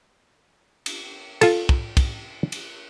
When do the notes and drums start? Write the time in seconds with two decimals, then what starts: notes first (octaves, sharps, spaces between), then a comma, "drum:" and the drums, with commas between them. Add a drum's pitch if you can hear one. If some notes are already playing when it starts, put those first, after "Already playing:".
0.86 drum: cymbal
1.41 F4 A4, drum: cymbal
1.69 drum: kick
1.97 drum: kick, cymbal
2.52 drum: cymbal